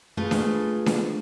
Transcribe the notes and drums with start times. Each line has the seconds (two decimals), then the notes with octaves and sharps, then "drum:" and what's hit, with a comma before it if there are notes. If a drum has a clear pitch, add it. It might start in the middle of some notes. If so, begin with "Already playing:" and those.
0.17 A3 F4 G#4 B4
0.31 drum: snare D4
0.86 drum: snare D4